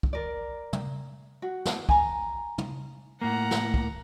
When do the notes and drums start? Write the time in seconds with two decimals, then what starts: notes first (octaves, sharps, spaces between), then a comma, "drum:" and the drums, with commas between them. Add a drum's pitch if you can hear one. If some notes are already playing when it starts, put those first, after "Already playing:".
0.03 drum: kick
0.13 A#4 D5
0.73 drum: tom
1.42 F#4
1.65 drum: snare
1.89 G#5 A#5, drum: kick
2.58 drum: tom
3.21 A2 A#3 F#5 A#5
3.51 drum: snare
3.74 drum: kick